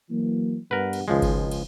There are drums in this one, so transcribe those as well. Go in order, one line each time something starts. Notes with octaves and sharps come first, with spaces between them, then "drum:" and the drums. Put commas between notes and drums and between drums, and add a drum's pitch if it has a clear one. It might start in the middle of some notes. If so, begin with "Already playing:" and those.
E3 F#3 A#3
G2 B3 A#4 B4 F#5
drum: cymbal
G#1 C#2 F3 G#3
drum: kick G1, cymbal
drum: cymbal